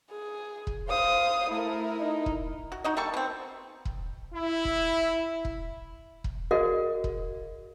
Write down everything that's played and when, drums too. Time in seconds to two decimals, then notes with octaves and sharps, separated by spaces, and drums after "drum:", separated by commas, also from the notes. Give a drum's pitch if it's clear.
0.11 G#4
0.67 drum: kick
0.89 C5 F5 D#6
1.50 A3 E4 A#4
2.01 D#4
2.26 drum: kick
2.72 F#4
2.84 D#4 F#4 D#5
2.97 G3 A#3 A4 C#6
3.14 B2 C4
3.85 drum: kick
4.35 E4
4.65 drum: kick
5.45 drum: kick
6.24 drum: kick
6.51 F#4 G#4 A#4 D5 D#5 F5
7.04 drum: kick